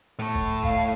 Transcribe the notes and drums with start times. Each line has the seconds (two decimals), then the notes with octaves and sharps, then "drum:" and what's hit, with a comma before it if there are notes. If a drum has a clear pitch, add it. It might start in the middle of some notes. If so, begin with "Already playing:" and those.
0.19 A2 A3
0.35 drum: kick
0.64 F5, drum: kick